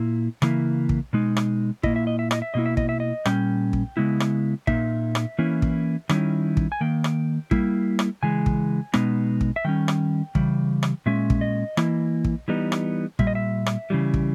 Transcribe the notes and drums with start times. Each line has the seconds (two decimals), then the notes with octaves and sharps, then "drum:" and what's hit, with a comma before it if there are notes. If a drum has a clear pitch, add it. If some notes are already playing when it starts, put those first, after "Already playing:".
Already playing: A#2 A#3 E4
0.42 C#3 E3 A#3 E4, drum: rim click
0.89 drum: kick
1.13 B2 G#3 D#4
1.37 drum: rim click
1.83 A#2 A#3 E4 D#5, drum: kick
1.96 E5
2.07 D#5
2.19 E5
2.31 D#5, drum: rim click
2.42 E5
2.54 B2 A#3 E4 D#5
2.66 E5
2.77 D#5, drum: kick
2.89 E5
3.00 D#5
3.25 A#2 G3 C#4 G5, drum: rim click
3.73 drum: kick
3.97 C#3 G#3 B3 E4
4.20 drum: rim click
4.67 A#2 A#3 D#4 E5, drum: kick
5.15 drum: rim click
5.39 E3 A#3 C#4 E4
5.62 drum: kick
6.09 D#3 G3 C#4 E4, drum: rim click
6.57 drum: kick
6.72 G#5
6.81 D#3 A#3 G5
7.04 drum: rim click
7.51 G3 A#3 E4, drum: kick
7.99 drum: rim click
8.23 C#3 E3 G#3 G#5
8.46 drum: kick
8.94 B2 G#3 B3 D#4, drum: rim click
9.41 drum: kick
9.56 E5
9.65 D#3 G3 C#4 G5
9.88 drum: rim click
10.35 C#3 E3 G3, drum: kick
10.83 drum: rim click
11.06 A#2 G#3 C#4 E5
11.30 drum: kick
11.41 D#5
11.77 E3 A#3 E4, drum: rim click
12.25 drum: kick
12.48 E3 G3 B3 D#4
12.72 drum: rim click
13.19 A#2 G3 E5, drum: kick
13.27 D#5
13.35 E5
13.66 drum: rim click
13.90 C#3 E3 G3
14.14 drum: kick